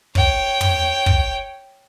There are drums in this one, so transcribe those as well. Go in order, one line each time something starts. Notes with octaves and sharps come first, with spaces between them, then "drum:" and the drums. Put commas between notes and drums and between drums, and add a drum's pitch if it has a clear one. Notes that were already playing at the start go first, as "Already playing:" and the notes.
C#5 G5, drum: kick
drum: tom
drum: kick